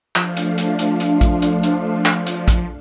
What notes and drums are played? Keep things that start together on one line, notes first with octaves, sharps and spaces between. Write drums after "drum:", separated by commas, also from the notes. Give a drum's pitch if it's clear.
F3 A3 D4 F5, drum: clap
drum: hi-hat
drum: hi-hat
drum: hi-hat
drum: hi-hat
drum: kick A1, hi-hat
drum: hi-hat
drum: hi-hat
drum: clap
drum: hi-hat
drum: kick A1, hi-hat